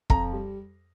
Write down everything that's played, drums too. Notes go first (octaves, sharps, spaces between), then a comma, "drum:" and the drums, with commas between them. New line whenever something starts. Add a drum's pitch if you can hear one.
F2 A#5, drum: kick
G3